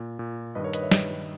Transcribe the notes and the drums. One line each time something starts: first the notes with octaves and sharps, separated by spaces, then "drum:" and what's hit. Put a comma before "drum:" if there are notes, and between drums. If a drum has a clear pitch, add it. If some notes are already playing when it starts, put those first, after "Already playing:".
Already playing: A#2
A#2
G2 D#3 B4 D#5
A#4 C#5
B4 D#5, drum: hi-hat
C#5 E5
G2 D#3 B4 D#5, drum: snare